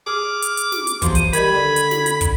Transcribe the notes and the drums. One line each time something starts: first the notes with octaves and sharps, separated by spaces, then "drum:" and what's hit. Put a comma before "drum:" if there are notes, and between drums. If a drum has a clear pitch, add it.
G#4 D6 F6
drum: hi-hat
drum: hi-hat
drum: snare
drum: hi-hat
E2 F3 F#3 C6, drum: kick, hi-hat
C5 D#7, drum: hi-hat
D#3 G3 B5 G#6, drum: hi-hat
D3
drum: hi-hat
drum: snare
drum: hi-hat
drum: kick, hi-hat